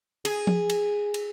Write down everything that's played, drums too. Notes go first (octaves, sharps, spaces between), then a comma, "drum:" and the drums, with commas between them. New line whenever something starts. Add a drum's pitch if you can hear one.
G#4, drum: cymbal
drum: tom F3
drum: cymbal
drum: cymbal